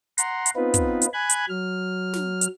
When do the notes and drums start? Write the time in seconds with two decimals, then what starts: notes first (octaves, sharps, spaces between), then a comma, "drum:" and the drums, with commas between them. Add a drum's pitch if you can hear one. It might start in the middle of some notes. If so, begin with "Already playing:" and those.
0.18 F#5 A#5 C6, drum: hi-hat
0.46 drum: hi-hat
0.56 B3 C4 D#4 F4 B4
0.74 drum: kick, hi-hat
1.02 drum: hi-hat
1.13 G#5 B5 F#6 G#6
1.30 drum: hi-hat
1.49 F#3 F6
2.13 drum: snare
2.41 drum: hi-hat